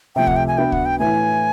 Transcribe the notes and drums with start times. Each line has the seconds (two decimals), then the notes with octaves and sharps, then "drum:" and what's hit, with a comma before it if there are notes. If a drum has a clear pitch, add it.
0.16 C3 F3 A3 G5
0.27 F#5, drum: kick C#2
0.36 G5
0.48 G#5
0.58 B3 D4 F#4 B4 E5 G5
0.72 F#5, drum: kick C#2
0.86 G5
0.99 A2 E3 A3 G#5